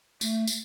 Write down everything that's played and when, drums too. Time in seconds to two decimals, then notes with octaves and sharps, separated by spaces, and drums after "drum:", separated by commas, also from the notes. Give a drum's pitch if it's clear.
0.21 A3, drum: tambourine
0.47 drum: tambourine